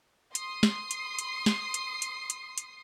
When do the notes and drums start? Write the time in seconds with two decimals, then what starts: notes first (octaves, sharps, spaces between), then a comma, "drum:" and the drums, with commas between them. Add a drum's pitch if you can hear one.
0.35 C6 D#6 C7, drum: hi-hat
0.63 drum: snare
0.91 drum: hi-hat
1.19 drum: hi-hat
1.46 drum: snare
1.74 drum: hi-hat
2.02 drum: hi-hat
2.30 drum: hi-hat
2.58 drum: hi-hat